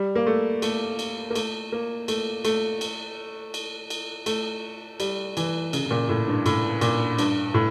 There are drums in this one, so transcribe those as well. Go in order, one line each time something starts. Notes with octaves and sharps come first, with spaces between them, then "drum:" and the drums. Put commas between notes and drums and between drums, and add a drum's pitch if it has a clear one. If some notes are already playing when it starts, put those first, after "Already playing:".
Already playing: G3
A#3
A3
A3, drum: cymbal
drum: cymbal
A#3
A3, drum: cymbal
A#3
A3, drum: cymbal
A3, drum: cymbal
drum: cymbal
drum: cymbal
drum: cymbal
A3, drum: cymbal
G3, drum: cymbal
E3, drum: cymbal
C#3, drum: cymbal
C#3
A#2
A2
G2
A2, drum: cymbal
A#2, drum: cymbal
G2, drum: cymbal
A2